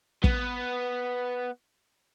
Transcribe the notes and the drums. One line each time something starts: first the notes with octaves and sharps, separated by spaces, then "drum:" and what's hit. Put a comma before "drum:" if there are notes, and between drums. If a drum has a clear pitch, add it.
B3, drum: kick